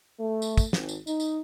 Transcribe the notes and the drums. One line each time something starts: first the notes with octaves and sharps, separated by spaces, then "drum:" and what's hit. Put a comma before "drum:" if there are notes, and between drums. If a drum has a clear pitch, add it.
A3
drum: tambourine
drum: kick, tambourine
G#1, drum: snare
drum: tambourine
D#4, drum: tambourine
drum: tambourine